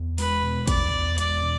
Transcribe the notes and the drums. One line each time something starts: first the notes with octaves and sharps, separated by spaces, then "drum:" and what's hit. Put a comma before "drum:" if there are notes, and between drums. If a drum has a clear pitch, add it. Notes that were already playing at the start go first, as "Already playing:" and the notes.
Already playing: E2
G#3 B4, drum: open hi-hat
B2
E2 D5, drum: kick, hi-hat
E2
G#3 D5, drum: hi-hat
B2